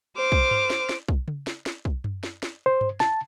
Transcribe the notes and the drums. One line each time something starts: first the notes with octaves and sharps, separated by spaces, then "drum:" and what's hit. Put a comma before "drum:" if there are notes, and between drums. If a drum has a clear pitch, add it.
C5 D6 F6
drum: kick
drum: tom G2
drum: snare
drum: snare
drum: kick
drum: tom C#3
drum: snare
drum: snare
drum: kick
drum: tom F#2
drum: snare
drum: snare
C5
drum: tom G2
A5, drum: snare